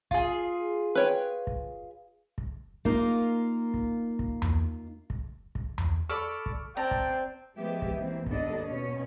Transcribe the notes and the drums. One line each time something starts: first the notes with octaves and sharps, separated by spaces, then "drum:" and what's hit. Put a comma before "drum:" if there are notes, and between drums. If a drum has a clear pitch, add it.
F4 G#4, drum: kick
B4 C#5 G5
drum: kick
drum: kick
A#3 D#4 F4 A#4, drum: kick
drum: kick
drum: kick
drum: tom E2
drum: kick
drum: kick
drum: tom E2
A4 D5 B5 C#6 D6 F6
drum: kick
C4 D5 G5 A5 A#5
drum: kick
F3 G#3 B3 G4 E5
drum: kick
E3 A#3 C4
D#2 G#2 B3 D4 A4 D#5, drum: kick
B2 C#4